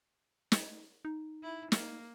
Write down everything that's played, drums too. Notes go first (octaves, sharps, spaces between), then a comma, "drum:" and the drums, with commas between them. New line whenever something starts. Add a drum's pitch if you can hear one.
drum: snare
D#4
E4
A#3, drum: snare